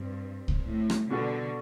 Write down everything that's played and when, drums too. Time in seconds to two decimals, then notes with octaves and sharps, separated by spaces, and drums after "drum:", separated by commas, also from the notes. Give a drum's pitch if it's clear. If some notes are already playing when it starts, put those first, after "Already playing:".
Already playing: G2 C4
0.48 drum: kick C2
0.69 A2
0.90 drum: rim click
1.10 B2 D3 G3 B3 F#4 A4